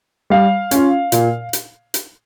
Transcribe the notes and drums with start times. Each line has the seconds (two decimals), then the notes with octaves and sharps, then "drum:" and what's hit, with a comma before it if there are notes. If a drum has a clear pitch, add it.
0.30 G3 F5
0.71 C#4 F4, drum: hi-hat
1.12 A#2, drum: hi-hat
1.53 drum: hi-hat
1.94 drum: hi-hat